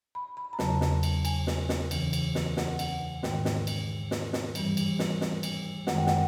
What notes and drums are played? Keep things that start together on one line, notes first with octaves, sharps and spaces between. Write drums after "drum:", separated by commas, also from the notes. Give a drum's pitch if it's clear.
B5
B5
A#5
E2 C#3 F#3 A5, drum: snare
drum: snare
drum: cymbal
G#5, drum: cymbal
drum: snare
drum: snare
D2 C#3 E3, drum: cymbal
drum: cymbal
drum: snare
F#5, drum: snare
F#5, drum: cymbal
G#2 D#3 G#3 G5, drum: snare
drum: snare
drum: cymbal
drum: snare
drum: snare
G2 E3 G3, drum: cymbal
drum: cymbal
drum: snare
drum: snare
drum: cymbal
F#2 D#3 G#3 F#5, drum: snare
G5
F#5, drum: snare